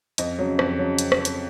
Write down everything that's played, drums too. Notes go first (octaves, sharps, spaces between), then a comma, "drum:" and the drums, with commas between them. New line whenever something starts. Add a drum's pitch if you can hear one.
F2 D#5, drum: hi-hat
C#3 F#3
F2, drum: rim click
C#3 F#3
drum: hi-hat
drum: rim click
drum: hi-hat